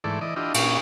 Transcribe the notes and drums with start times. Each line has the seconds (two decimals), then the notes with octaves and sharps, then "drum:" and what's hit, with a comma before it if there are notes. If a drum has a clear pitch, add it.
0.04 G#2 E3 A3 D5
0.21 E3 D5 D#5
0.36 D4 E4 F4 G4 D#5
0.54 A#2 C#4 D#4, drum: cymbal